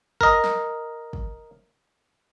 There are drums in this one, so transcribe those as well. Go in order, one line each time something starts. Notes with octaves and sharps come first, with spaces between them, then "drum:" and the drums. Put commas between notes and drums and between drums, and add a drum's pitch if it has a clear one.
A#4 D#5, drum: kick
drum: snare
drum: kick